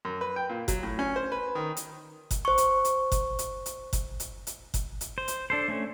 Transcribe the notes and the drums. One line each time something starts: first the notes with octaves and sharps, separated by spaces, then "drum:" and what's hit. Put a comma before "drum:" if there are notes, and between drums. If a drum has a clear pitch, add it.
F#2
B4
G5
A#2
F#3, drum: kick F#1, hi-hat
A2
C#4
C5
B4
D#3
drum: hi-hat
drum: kick F#1, hi-hat
C5 C#6
drum: hi-hat
drum: hi-hat
drum: kick F#1, hi-hat
drum: hi-hat
drum: hi-hat
drum: kick F#1, hi-hat
drum: hi-hat
drum: hi-hat
drum: kick F#1, hi-hat
drum: hi-hat
C5
drum: hi-hat
D4 A4 C5
A3 C#4